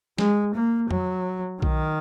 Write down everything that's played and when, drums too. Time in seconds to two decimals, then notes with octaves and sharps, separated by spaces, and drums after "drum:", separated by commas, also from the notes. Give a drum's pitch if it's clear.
0.18 G#3, drum: snare
0.55 A#3
0.91 F#3, drum: tom F2
1.62 D#3, drum: kick B1